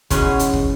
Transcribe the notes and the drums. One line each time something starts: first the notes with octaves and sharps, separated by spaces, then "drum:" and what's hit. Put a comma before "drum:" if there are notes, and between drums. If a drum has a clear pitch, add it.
E2 B2 G#3 C#4, drum: kick, hi-hat
drum: hi-hat
drum: kick